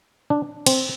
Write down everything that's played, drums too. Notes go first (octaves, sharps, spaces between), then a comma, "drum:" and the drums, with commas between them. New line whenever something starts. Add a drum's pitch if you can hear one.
D4
C4, drum: cymbal